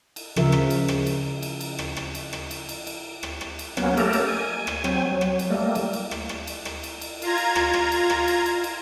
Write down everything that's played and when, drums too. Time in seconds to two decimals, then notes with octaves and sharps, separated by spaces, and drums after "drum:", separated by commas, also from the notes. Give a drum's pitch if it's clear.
0.16 drum: cymbal
0.36 C#3 F3 A#4 E5, drum: rim click
0.52 drum: rim click
0.70 drum: cymbal
0.88 drum: rim click
1.06 drum: cymbal
1.42 drum: cymbal
1.60 drum: cymbal
1.79 drum: rim click
1.97 drum: rim click
2.15 drum: cymbal
2.33 drum: rim click
2.51 drum: cymbal
2.69 drum: cymbal
2.87 drum: cymbal
3.23 drum: rim click
3.41 drum: rim click
3.59 drum: cymbal
3.77 F#3 A#3 B3 C#4, drum: rim click
3.97 A3 A#3 G4 A4 A#4, drum: cymbal
4.13 drum: cymbal
4.27 G#5
4.67 drum: rim click
4.84 F#3 C4 G#5, drum: rim click
5.12 F#3
5.21 drum: rim click
5.39 drum: cymbal
5.50 G3 A3 A#3
5.75 drum: cymbal
5.93 drum: cymbal
6.11 drum: rim click
6.29 drum: rim click
6.47 drum: cymbal
6.65 drum: rim click
6.83 drum: cymbal
7.01 drum: cymbal
7.22 F4 A#5 G#6, drum: cymbal
7.37 drum: cymbal
7.56 drum: rim click
7.74 drum: rim click
7.92 drum: cymbal
8.10 drum: rim click
8.28 drum: cymbal
8.46 drum: cymbal
8.64 drum: cymbal